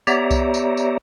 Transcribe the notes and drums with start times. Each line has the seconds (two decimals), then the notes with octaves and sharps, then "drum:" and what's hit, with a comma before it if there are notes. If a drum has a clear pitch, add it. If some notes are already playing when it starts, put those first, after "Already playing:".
0.07 B3 G4 C#5 D5 E5 A#5, drum: tambourine
0.31 drum: kick C2, tambourine
0.54 drum: tambourine
0.77 drum: tambourine